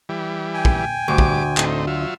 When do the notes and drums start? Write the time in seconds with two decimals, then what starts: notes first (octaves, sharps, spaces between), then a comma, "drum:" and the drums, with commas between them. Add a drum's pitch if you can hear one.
0.09 E3 G3
0.54 G5 G#5
0.65 drum: kick
1.08 D2 G2 D6
1.18 drum: kick
1.57 A2 C4 D#4, drum: clap
1.87 F#3 F4 E5